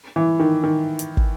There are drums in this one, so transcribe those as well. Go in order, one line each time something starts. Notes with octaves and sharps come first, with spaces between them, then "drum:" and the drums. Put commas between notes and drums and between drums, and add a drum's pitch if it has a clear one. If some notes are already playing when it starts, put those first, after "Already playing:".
E3
D#3
D#3
drum: hi-hat
drum: kick